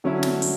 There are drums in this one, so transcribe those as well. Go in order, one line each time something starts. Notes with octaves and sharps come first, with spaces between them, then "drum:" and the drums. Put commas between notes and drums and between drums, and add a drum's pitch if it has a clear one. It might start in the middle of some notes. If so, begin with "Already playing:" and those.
D3 F#3 C#4 E4
drum: snare
drum: open hi-hat